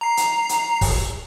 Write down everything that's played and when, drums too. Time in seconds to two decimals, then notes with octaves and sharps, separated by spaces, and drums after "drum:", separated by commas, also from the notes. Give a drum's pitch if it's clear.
0.01 A#5 C7
0.17 drum: hi-hat
0.49 drum: hi-hat
0.81 drum: kick, open hi-hat